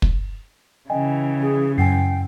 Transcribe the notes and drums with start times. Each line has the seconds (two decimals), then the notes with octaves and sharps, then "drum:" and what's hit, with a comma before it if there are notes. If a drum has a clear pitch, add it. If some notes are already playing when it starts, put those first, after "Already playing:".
0.02 drum: kick
0.90 C#3 E3 D#5 G5 G#5
1.42 G#4
1.78 F#2 G5 G#5 C7